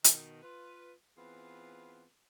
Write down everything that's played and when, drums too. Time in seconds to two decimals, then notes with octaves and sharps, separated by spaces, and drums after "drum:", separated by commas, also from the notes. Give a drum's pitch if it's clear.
0.04 B2 D#3, drum: hi-hat
0.43 F4 B4
1.17 E3 B3 C4 F4 G#4 B4